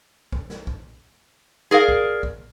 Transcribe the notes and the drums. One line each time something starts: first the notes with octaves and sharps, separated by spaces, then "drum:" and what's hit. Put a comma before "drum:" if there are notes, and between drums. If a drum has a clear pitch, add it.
drum: kick
drum: snare
drum: kick
G#4 A#4 D5 F5
drum: kick
drum: kick